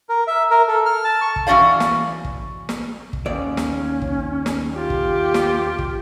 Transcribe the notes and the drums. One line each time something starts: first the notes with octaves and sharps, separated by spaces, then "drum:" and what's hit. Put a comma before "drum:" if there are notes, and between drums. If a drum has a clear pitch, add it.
A#4
E5
A#4
A4
F6
A5
C#6
drum: kick
E3 C#4 F#4 D5 F5
drum: snare
drum: kick
drum: snare
drum: kick
D#2 C#4 D5
drum: snare
drum: kick
drum: snare
F4 G4
drum: kick
drum: snare
drum: kick